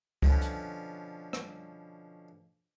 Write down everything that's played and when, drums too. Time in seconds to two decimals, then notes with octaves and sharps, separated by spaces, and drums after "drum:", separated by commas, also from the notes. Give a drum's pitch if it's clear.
0.23 B2 D3 F3 C#4 B4, drum: kick C#2
0.42 drum: hi-hat
1.33 drum: rim click